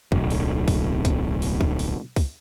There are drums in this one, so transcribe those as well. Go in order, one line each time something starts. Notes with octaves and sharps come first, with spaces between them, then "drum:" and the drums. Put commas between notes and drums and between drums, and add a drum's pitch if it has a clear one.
D1 B1, drum: kick
drum: open hi-hat
drum: kick, open hi-hat
drum: kick, hi-hat
drum: open hi-hat
drum: kick
drum: open hi-hat
drum: kick, open hi-hat